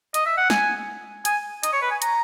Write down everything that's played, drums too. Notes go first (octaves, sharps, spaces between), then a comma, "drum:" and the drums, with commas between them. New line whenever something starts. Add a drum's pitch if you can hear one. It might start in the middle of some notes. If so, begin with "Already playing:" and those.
D#5, drum: hi-hat
E5
F#5
G#5, drum: snare
G#5, drum: hi-hat
D#5, drum: hi-hat
C#5
B4
G#5
A#5, drum: hi-hat